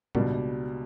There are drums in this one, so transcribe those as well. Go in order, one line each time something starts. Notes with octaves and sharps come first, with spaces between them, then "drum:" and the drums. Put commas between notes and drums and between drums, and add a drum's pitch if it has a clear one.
C#2 B2 G3 D4, drum: tom A2